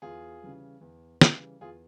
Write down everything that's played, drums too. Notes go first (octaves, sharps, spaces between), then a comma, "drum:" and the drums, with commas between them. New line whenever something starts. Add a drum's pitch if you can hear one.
E2 F4 G#4
C#3 E3 G3
E2
C#3 E3 G3, drum: snare
E2 F4 G#4